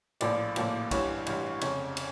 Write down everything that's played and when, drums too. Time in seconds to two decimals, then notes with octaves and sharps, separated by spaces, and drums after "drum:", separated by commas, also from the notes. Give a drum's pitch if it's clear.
0.21 A#1 A2 F3 A#3 D5, drum: cymbal
0.56 A#1 A2 F3 A#3, drum: cymbal
0.91 A1 G2 E3 C#5, drum: kick B1, cymbal
1.26 A1 G2 E3, drum: cymbal
1.61 F1 F2 C#3 C#5, drum: cymbal
1.97 drum: cymbal